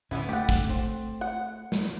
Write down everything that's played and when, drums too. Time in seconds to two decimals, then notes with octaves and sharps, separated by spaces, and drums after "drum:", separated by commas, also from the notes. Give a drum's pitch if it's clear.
0.11 D1 E3 B3 C#4 E4
0.29 A3 G4 F#5
0.49 drum: kick
0.70 C4
1.21 F#5
1.72 drum: snare